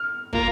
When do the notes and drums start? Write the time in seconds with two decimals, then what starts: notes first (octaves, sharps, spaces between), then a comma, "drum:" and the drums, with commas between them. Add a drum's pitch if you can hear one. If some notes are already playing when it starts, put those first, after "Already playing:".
Already playing: F6
0.33 A#3 F4 A#4, drum: kick